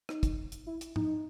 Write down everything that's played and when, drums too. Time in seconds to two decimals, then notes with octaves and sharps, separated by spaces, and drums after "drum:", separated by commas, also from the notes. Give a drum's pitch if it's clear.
0.09 D#4, drum: rim click
0.23 drum: kick, hi-hat
0.52 drum: hi-hat
0.66 E4
0.81 drum: hi-hat
0.96 D#4, drum: tom G#2